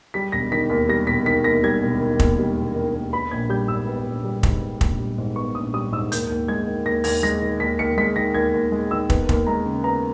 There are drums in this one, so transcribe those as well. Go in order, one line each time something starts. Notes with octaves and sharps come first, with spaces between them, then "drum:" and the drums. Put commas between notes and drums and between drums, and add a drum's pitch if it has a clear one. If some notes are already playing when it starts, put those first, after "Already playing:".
G3 B6
E1 A#6
D#3 B6
D#2
G3 A#6
E1 B6
D#3 B6
D#2 A#6
G3 G#6
E1
D#3
D#2, drum: kick
G3
E1
D#3
D#2
B3 B5
A#1 G#6
G3 G6
G#2 E6
B3
A#1
G3
G#2, drum: kick
B3
A#1, drum: kick
G3
G#2
B3 C#6
A#1 D#6
G3 D#6
G#2 E6
D#2 G6, drum: hi-hat
D#2
G#3 G#6
D#3
D#2 A#6
D#2 G#6, drum: open hi-hat
G#3 A#6
D#3
D#2 B6
D#2 C#7
G#3 B6
D#3 A#6
D#2 G#6
D#2
G#3
D#3 E6
B3, drum: kick
D#2, drum: kick
G#3 A#5
C#3
B3 A#5